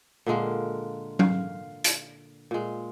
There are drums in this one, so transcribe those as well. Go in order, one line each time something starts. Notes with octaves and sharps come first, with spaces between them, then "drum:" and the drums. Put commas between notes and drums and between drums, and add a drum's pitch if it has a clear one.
A#2 D3 G#3 A#3
F5, drum: tom F#3
drum: hi-hat
A#2 G#3